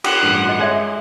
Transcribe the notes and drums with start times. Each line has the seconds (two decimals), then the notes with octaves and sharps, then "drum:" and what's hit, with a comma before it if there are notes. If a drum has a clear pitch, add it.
0.04 G4 F#5, drum: cymbal
0.23 A1 G2
0.45 F#4 D#5
0.60 G#3 A4 C#5 E5 G#5